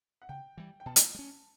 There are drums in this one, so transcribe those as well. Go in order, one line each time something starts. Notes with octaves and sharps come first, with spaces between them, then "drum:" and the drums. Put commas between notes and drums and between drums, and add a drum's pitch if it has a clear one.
F#5
C#3 G5
E3 G3
G5
B2 A5
drum: hi-hat
G3
C#4